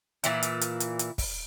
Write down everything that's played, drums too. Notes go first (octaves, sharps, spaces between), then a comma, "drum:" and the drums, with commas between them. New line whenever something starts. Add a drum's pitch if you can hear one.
A#2 E3 E4, drum: hi-hat
drum: hi-hat
drum: hi-hat
drum: hi-hat
drum: hi-hat
drum: kick, open hi-hat